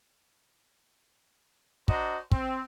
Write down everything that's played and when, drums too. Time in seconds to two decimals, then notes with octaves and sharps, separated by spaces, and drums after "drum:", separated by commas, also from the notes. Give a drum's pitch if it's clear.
1.88 D4 F#4 C5 D#5 A#5, drum: kick
2.32 C4, drum: kick